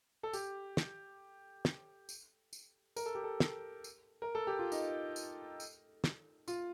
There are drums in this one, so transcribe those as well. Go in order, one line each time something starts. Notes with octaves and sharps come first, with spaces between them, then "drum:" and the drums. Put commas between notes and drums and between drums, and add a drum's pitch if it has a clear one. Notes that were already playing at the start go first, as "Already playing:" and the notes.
A4
G4, drum: tambourine
drum: snare
drum: snare
drum: tambourine
drum: tambourine
A#4, drum: tambourine
A4
G4
A4
drum: snare
drum: tambourine
A#4
A4
G4
F4
D#4, drum: tambourine
drum: tambourine
drum: tambourine
drum: snare
F4, drum: tambourine